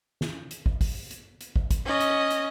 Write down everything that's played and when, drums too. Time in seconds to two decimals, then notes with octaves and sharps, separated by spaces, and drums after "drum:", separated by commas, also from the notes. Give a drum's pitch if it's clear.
0.21 drum: snare
0.51 drum: hi-hat
0.66 drum: kick
0.81 drum: kick, open hi-hat
1.11 drum: hi-hat
1.41 drum: hi-hat
1.56 drum: kick
1.71 drum: kick, hi-hat
1.86 C#4 D#5
2.01 drum: hi-hat
2.30 drum: hi-hat